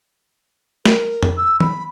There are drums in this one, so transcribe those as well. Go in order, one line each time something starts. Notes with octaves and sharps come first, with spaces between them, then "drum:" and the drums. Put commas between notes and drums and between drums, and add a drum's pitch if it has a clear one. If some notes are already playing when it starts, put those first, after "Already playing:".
A#4, drum: snare
drum: tom F2
E6
B5, drum: tom